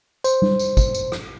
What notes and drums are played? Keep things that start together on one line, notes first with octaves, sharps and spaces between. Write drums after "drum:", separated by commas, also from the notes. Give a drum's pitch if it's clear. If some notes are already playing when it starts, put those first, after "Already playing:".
C5, drum: tambourine
drum: tom G3
drum: tambourine
drum: kick, tambourine
drum: tambourine
drum: rim click